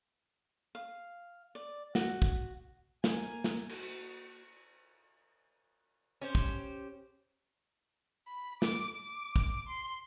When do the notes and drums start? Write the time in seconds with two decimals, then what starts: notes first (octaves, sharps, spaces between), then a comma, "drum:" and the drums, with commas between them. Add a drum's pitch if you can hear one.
0.75 F5
1.55 D5
1.95 F#4, drum: snare
2.22 drum: kick
3.04 A#3 G#5, drum: snare
3.44 drum: snare
3.69 F#4, drum: cymbal
6.21 C#4 G4 C5
6.35 drum: kick
8.28 B5
8.62 D6, drum: snare
8.95 D6
9.36 drum: kick
9.68 C6